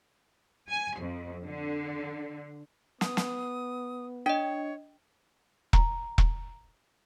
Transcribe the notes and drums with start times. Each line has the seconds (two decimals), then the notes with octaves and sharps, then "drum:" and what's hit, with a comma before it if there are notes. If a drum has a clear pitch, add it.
0.69 G#5
1.00 F2
1.44 D3
3.01 B3 D#6, drum: snare
3.17 drum: snare
4.26 D4 C#5 D#5 G5
5.73 A#5, drum: kick E1
6.18 drum: kick E1